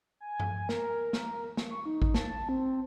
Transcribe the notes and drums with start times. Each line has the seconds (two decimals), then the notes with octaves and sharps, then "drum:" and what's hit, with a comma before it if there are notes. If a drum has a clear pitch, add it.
0.20 G#5
0.40 drum: tom G2
0.69 A#4, drum: snare
1.13 drum: snare
1.57 drum: snare
1.71 C#6
1.86 D#4
2.02 drum: kick A1
2.15 A5, drum: snare
2.49 C4